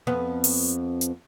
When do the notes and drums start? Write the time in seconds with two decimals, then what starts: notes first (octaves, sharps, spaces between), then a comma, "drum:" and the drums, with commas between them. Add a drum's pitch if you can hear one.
0.07 F2 B3
0.44 drum: open hi-hat
1.01 drum: hi-hat